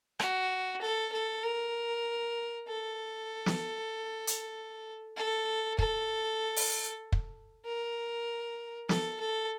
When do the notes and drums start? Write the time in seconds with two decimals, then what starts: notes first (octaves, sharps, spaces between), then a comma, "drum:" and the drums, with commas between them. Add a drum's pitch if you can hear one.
0.20 F#4, drum: rim click
0.81 A4
1.12 A4
1.44 A#4
2.68 A4
3.46 drum: snare
4.27 drum: hi-hat
5.16 A4
5.79 A4, drum: kick
6.56 drum: open hi-hat
7.12 drum: kick
7.65 A#4
8.89 A4, drum: snare
9.20 A4